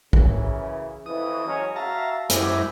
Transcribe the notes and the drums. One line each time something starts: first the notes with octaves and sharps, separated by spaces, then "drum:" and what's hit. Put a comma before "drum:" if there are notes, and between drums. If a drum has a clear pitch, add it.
F#2 C#3 E3, drum: kick
F2 E3 D#6
F#3 G#3 C#4
F#4 E5 F5 A5 A#5
F#2 E3 G#3 C4 E4 G4, drum: hi-hat